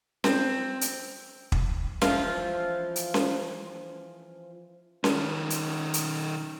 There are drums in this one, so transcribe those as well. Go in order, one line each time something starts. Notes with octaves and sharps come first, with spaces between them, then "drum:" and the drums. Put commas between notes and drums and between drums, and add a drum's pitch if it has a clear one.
C4, drum: snare C#4
drum: hi-hat
drum: kick
E3 F3 F4, drum: snare C#4
drum: hi-hat
drum: snare C#4
D#3 C#4, drum: snare C#4
drum: hi-hat
drum: hi-hat